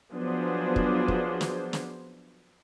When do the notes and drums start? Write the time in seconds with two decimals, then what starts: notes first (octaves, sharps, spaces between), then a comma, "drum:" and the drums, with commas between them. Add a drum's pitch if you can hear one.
0.11 F3 F#3 B3 D4 G#4 C5
0.76 drum: kick
1.08 drum: kick
1.41 drum: snare
1.73 drum: snare